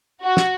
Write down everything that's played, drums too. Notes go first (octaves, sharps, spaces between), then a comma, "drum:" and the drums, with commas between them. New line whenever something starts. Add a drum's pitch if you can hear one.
F#4
drum: snare